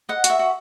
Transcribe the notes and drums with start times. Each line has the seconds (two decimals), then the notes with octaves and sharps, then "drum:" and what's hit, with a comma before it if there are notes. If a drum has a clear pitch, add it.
0.09 D#5 F#5
0.24 F#4, drum: hi-hat
0.30 E5
0.39 F#4